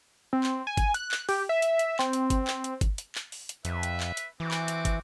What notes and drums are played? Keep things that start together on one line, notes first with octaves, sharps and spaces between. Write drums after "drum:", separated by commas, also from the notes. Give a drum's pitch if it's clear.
C4
drum: clap
G#5
drum: kick, hi-hat
F#6, drum: hi-hat
drum: clap
G4, drum: open hi-hat
E5
drum: hi-hat
drum: hi-hat
C4, drum: clap
drum: hi-hat
drum: kick, hi-hat
drum: clap
drum: hi-hat
drum: kick, hi-hat
drum: hi-hat
drum: clap
drum: open hi-hat
drum: hi-hat
F2 B4 E5, drum: hi-hat
drum: hi-hat
drum: clap
drum: hi-hat
E3 C4 F#4 D6
drum: clap
drum: hi-hat
drum: kick, hi-hat